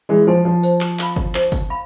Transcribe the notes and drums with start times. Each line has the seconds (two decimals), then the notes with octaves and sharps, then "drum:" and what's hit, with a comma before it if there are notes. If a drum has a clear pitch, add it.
0.09 E3 G#3
0.27 F3 C5 G#5 C6
0.45 F3
0.63 C5, drum: tambourine
0.81 drum: clap
0.99 F5 B5, drum: clap
1.16 drum: kick G1
1.35 C5, drum: clap
1.52 drum: kick G1, tambourine
1.70 F5 B5